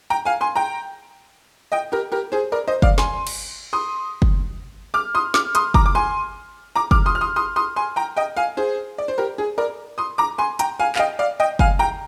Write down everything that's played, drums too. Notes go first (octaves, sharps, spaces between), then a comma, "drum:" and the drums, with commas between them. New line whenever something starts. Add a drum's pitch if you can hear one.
G5 A#5
F5 G#5
G#5 C6
G5 A#5
D#5 G5
G4 A#4
G4 A#4
G#4 C5
A#4 D5
C5 D#5
D5 F5, drum: kick F#1
G#5 C6, drum: snare
drum: cymbal
C6 D#6
drum: kick F#1
D6 F6
C6 D#6
D6 F6, drum: snare
C6 D#6, drum: hi-hat
A#5 D6, drum: kick F#1
D6
G#5 C6
A#5 D6
D6 F6, drum: kick F#1
C6 D#6
F6
C6 D#6
C6 D#6
C6 D#6
G#5 C6
G5 A#5
D#5 G5
F5 G#5
G#4 C5
D5
C5
G4 A#4
G#4
A#4 D5
C6 D#6
A#5 D6
G#5 C6
G5 A#5, drum: hi-hat
F5 G#5
F5, drum: clap
D#5 G5
D5 F5
D#5 G5
F5 G#5, drum: kick F#1
G5 A#5